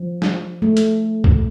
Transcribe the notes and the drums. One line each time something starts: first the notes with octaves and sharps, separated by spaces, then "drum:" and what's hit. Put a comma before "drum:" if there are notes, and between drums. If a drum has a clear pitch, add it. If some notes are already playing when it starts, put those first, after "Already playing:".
Already playing: F3
drum: snare
A3
drum: hi-hat
drum: kick